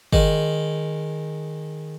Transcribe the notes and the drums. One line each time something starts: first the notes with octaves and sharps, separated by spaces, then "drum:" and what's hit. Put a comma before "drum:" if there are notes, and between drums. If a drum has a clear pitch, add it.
D#3 G#3, drum: kick